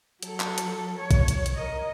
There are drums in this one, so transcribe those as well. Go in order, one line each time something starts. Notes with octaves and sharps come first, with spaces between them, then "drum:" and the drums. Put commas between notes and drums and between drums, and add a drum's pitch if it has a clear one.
F#3 A4, drum: hi-hat
drum: clap
drum: hi-hat
C#5
drum: kick A#1, hi-hat
drum: hi-hat
drum: hi-hat
A#4 D#5